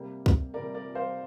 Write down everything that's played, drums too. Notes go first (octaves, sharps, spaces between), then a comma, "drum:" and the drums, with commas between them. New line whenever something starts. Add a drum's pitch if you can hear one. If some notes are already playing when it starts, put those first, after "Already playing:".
Already playing: C3 G3 A#3
drum: kick C2
C3 G3 A#3 A#4 D5
A#4 D5
C5 F5